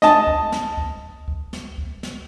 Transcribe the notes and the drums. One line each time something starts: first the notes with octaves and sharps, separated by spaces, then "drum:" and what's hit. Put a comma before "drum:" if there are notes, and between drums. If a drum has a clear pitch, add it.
D#5 A5, drum: snare
drum: kick C#2
drum: snare
drum: kick C#2
drum: kick C#2
drum: snare
drum: kick C#2
drum: snare